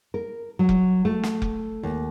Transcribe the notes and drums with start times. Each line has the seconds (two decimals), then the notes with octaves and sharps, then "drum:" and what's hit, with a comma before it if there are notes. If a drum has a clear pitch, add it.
0.14 A#4
0.59 F#3
0.69 drum: kick F1
1.05 A3
1.23 drum: snare
1.42 drum: kick F1
1.83 D#2